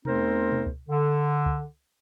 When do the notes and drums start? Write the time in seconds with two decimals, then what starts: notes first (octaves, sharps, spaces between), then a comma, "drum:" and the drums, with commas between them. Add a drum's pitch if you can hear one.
0.05 E2 A3 C4 D#4 A#4 C5, drum: tom B2
0.52 drum: tom B2
0.67 drum: kick C#2
0.89 D3
1.46 drum: kick C#2